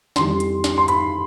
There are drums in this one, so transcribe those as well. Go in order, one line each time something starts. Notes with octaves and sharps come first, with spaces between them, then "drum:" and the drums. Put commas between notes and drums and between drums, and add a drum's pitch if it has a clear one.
F2 E3 G3 C6, drum: snare
drum: hi-hat
drum: snare
C6
B5, drum: hi-hat